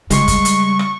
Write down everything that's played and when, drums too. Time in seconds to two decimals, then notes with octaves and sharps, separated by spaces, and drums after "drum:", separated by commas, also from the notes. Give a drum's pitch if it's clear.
0.10 C#3 G3 G#3 C#6, drum: hi-hat
0.28 drum: kick, hi-hat
0.45 drum: hi-hat
0.79 drum: rim click